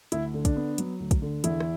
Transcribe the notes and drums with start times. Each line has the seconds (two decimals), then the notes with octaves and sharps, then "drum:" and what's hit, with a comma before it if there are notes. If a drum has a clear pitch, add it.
0.12 D2 E4, drum: hi-hat
0.34 D3
0.45 D4, drum: kick, hi-hat
0.56 B3
0.78 F#3, drum: hi-hat
1.00 D2
1.11 drum: kick, hi-hat
1.22 D3
1.44 E2 E4, drum: hi-hat
1.60 drum: rim click